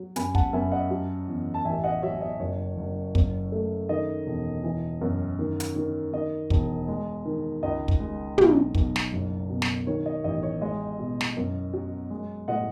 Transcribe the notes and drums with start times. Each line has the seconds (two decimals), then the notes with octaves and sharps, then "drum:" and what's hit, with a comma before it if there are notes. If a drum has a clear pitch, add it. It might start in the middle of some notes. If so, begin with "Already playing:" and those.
Already playing: F#3
0.16 F#2 G#5 B5, drum: hi-hat
0.35 F#5 A5, drum: kick
0.53 F#2 E5 G#5
0.72 D#5 F#5
0.91 F#3
1.28 E2
1.54 A5
1.65 A1 E5 G#5
1.84 D#5 F#5
2.02 F#3 C#5 E5
2.21 D#5
2.40 F#1 C#5
2.77 F#1
3.15 F#2, drum: kick
3.52 A3
3.89 D#3 D#5
4.26 E1
4.64 E3
5.01 F#2
5.39 D#3
5.60 drum: hi-hat
5.76 D#3
6.13 D#3 D#5
6.50 E1, drum: kick
6.88 G#3
7.25 D#3
7.63 C#2 D#5
7.88 drum: kick
8.00 G#3
8.38 B1, drum: tom
8.75 B1, drum: kick
8.96 drum: snare
9.12 F#1
9.50 B2
9.62 drum: snare
9.87 D#3 C#5
10.06 D#5
10.24 A1 D#5
10.43 C#5
10.61 G#3 D#5
10.99 B2
11.21 drum: snare
11.37 F#2
11.73 F#3
12.10 G#3
12.48 A2 D#5 F#5